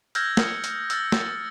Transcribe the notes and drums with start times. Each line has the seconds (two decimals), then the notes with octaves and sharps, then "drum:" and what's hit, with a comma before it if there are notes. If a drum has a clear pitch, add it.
0.15 E6 F6 G6 G#6 A#6, drum: hi-hat
0.37 D#6 F6 C#7, drum: snare
0.64 drum: hi-hat
0.90 E6 F6 G#6 A6, drum: hi-hat
1.12 drum: snare